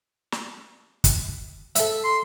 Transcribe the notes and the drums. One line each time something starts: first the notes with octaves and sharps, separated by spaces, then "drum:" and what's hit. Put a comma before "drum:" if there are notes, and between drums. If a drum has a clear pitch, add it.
drum: snare
drum: kick, hi-hat
A4 E5, drum: hi-hat
C6